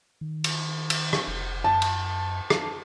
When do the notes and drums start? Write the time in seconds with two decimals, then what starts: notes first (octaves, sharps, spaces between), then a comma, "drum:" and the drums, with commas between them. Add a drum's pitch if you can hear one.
0.21 D#3
0.44 drum: cymbal
0.90 drum: cymbal
1.13 drum: rim click
1.28 F1
1.64 F#2 A5
1.82 drum: cymbal
2.50 drum: rim click